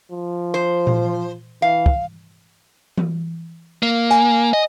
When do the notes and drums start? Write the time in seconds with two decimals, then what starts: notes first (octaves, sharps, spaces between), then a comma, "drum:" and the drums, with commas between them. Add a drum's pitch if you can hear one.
0.12 F3
0.54 C5
0.87 drum: tom A#2
1.62 E3 F5
1.86 drum: kick
2.97 drum: tom E3
3.83 A#3
4.11 G#5, drum: hi-hat
4.54 D#5